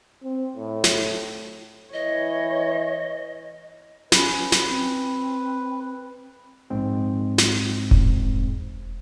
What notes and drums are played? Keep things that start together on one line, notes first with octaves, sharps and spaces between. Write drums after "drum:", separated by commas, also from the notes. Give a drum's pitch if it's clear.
C4
A2
drum: snare
E3 C#5 D#5
C#4 B4, drum: snare
drum: snare
C4
A#1 G#2 G#3 C4
drum: snare
drum: kick E1